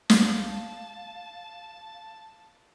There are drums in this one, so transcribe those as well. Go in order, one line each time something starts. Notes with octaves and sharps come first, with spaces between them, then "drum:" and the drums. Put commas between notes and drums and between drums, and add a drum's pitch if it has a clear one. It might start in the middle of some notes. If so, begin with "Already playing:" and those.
F5 A5, drum: snare